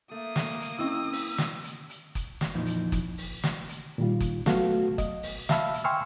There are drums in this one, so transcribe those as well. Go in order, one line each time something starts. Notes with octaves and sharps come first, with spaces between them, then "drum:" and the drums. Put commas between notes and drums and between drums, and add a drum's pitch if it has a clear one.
A3 A#3 D#6
drum: snare
drum: hi-hat
F#2 C4 C#4 E4 D#5 E6
drum: open hi-hat
drum: snare
drum: hi-hat
drum: hi-hat
drum: kick F#1, hi-hat
drum: snare
F2 A#2 E3 F3 D#4
drum: hi-hat
drum: kick F#1, hi-hat
drum: open hi-hat
drum: snare
drum: hi-hat
A#2 D#3 G3 F4
drum: kick F#1, hi-hat
F#3 A3 B3 F#4 A4 F5, drum: snare
D#5, drum: kick F#1, hi-hat
drum: open hi-hat
E5 F5 A5 B5 E6 F6, drum: snare
drum: hi-hat
G5 G#5 C6 C#6 E6 F6